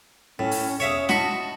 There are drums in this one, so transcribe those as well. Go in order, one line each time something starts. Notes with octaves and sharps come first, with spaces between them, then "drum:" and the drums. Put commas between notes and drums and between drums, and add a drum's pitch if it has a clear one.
A2 C#4
drum: open hi-hat
E2 C#5 E5 F5 D#6
F#4 D#5 A5 B5 C#6, drum: snare